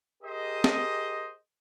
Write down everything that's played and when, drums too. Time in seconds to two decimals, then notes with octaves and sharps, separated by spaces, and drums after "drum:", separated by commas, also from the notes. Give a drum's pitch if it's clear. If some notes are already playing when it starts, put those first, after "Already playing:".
0.23 G4 G#4 A#4 C5 D#5
0.64 drum: snare